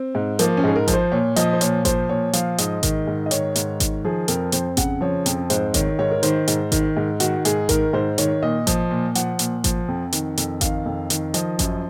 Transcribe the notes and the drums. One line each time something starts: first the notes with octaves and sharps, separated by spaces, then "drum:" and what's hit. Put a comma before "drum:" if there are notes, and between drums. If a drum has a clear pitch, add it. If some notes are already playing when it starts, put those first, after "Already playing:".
Already playing: C4
G#2
F3 A#3, drum: hi-hat
C#4
G#2 G#4
A#4
F3, drum: kick G#1, hi-hat
C5
A#2 C#5
F3 D#5, drum: hi-hat
C5
A#2 C#5, drum: hi-hat
F3 C5, drum: kick G#1, hi-hat
A#2 C#5
F3 F5, drum: hi-hat
G#2 D#5, drum: hi-hat
D#3, drum: kick G#1, hi-hat
G#2
D#5
D#3 C#5, drum: hi-hat
G#2, drum: hi-hat
D#3, drum: kick G#1, hi-hat
F3 G#4
F2 A#4, drum: hi-hat
F2 C5, drum: hi-hat
C#3 F#5, drum: kick G#1, hi-hat
F3 C#5
F2, drum: hi-hat
G#2 C5, drum: hi-hat
D#3 C#5, drum: kick G#1, hi-hat
G#2 C#5
A#4
D#3 C5, drum: hi-hat
G#2, drum: hi-hat
D#3, drum: kick G#1, hi-hat
G#2
D#3 F#4, drum: hi-hat
G#2 G#4, drum: hi-hat
D#3 A#4, drum: kick G#1, hi-hat
G#2 C5
D#3 C#5, drum: hi-hat
A#2 D#5
F3, drum: kick G#1, hi-hat
A#2
F3 F#5, drum: hi-hat
A#2, drum: hi-hat
F3, drum: kick G#1, hi-hat
F2
D#3, drum: hi-hat
F2, drum: hi-hat
D#3 F5, drum: kick G#1, hi-hat
F2
D#3, drum: hi-hat
F3 D#5, drum: hi-hat
F#2, drum: kick G#1, hi-hat